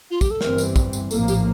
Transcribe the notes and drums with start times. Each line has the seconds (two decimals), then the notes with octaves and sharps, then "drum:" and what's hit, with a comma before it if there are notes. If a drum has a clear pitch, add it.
0.11 F4
0.21 G4, drum: kick, tambourine
0.31 A4
0.41 G1 G2 E3 G3 C4 A#4, drum: snare
0.58 drum: tambourine
0.76 drum: kick, tambourine
0.93 drum: tambourine
1.11 A#1 A2 F3 A#3 A4, drum: tambourine
1.28 G4, drum: tambourine